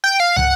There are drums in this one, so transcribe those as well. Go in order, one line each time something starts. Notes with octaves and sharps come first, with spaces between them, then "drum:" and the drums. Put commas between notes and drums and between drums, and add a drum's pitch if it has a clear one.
G5
F5
F#5, drum: tom